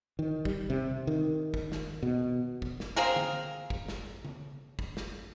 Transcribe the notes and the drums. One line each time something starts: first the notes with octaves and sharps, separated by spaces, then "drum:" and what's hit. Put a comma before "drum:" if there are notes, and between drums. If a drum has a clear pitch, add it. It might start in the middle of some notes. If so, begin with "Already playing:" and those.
D#3
G3, drum: kick
C3
D#3
drum: kick
drum: snare
B2
drum: kick
drum: snare
A#3 C4 G#4 A#4
drum: tom D3
drum: kick
drum: snare
drum: tom C#3
drum: kick
drum: snare